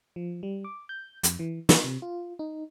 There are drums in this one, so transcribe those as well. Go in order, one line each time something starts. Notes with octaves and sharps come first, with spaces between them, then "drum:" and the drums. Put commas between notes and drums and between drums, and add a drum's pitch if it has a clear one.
F3
G3
D6
G6
F2, drum: hi-hat
E3
D#4, drum: snare
C3
F4
D#4